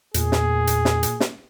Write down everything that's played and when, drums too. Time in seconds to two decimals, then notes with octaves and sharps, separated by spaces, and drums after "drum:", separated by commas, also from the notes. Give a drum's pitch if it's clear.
0.14 E2 A#2 G#4, drum: hi-hat
0.32 drum: snare
0.67 drum: hi-hat
0.85 drum: snare
1.03 drum: hi-hat
1.20 drum: snare